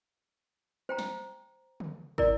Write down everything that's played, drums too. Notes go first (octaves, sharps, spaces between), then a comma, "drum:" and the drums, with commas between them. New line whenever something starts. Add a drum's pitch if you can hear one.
C5 G5 A#5
drum: snare
drum: tom
E4 A#4 D5, drum: kick